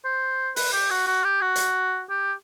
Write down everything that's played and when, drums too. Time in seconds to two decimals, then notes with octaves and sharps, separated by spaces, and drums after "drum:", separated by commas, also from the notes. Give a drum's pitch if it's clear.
0.05 C5
0.56 B4, drum: open hi-hat
0.73 G4
0.91 F#4
1.07 F#4
1.24 G4
1.42 F#4
1.56 drum: hi-hat
2.10 G4